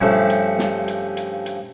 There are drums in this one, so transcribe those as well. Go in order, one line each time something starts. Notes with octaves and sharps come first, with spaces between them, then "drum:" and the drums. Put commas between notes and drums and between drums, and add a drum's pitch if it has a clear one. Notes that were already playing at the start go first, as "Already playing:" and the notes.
G2 C#3 F3 A3 C5 C#6
drum: hi-hat
drum: snare
drum: hi-hat
drum: hi-hat
drum: hi-hat